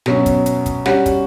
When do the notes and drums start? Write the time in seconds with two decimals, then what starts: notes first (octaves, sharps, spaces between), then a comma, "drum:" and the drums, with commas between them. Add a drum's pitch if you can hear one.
0.06 B2 F#3 C#4, drum: snare
0.26 drum: kick, hi-hat
0.46 drum: hi-hat
0.66 drum: kick, hi-hat
0.86 G3 C#4 F#4, drum: snare
1.06 drum: kick, hi-hat